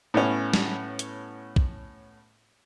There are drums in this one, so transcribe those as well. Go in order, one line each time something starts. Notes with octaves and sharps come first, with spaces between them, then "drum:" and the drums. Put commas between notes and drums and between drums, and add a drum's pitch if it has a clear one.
A2 B3 C#4
drum: snare
drum: hi-hat
drum: kick